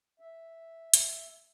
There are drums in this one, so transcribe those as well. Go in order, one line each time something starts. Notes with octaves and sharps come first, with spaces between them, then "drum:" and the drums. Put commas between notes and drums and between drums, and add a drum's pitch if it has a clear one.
E5
drum: hi-hat